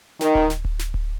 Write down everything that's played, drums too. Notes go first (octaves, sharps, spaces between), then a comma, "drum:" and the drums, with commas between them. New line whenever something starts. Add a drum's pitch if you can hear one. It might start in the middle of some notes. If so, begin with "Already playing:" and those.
D#3, drum: snare
drum: kick D1
drum: snare
drum: kick D1
drum: snare
drum: kick D1